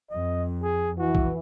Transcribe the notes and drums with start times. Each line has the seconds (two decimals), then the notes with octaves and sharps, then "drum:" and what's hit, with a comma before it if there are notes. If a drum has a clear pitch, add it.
0.10 F2 D#5
0.63 G#4
0.98 E3 F#4
1.15 drum: kick B1